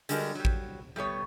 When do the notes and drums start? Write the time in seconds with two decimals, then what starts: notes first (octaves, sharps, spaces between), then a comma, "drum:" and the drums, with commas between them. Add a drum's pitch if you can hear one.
0.09 D3 G3 G#3 F#4 A#4, drum: hi-hat
0.35 F#3 G3
0.45 drum: kick A1
0.96 G3 A3 B3 C#5